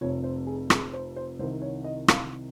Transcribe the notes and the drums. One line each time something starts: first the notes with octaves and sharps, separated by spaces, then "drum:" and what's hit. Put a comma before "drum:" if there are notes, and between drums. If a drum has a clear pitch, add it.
F1 F2 C3 C#5
C5
G#4
G#4, drum: rim click
C5
C5
C2 C3 D#3 C5
C#5
D#5
F5, drum: rim click